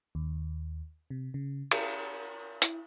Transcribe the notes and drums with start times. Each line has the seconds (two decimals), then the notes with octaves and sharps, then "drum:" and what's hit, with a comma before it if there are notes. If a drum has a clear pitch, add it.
0.15 D#2
1.10 C3
1.34 C#3
1.71 A#4, drum: cymbal
2.62 E4, drum: hi-hat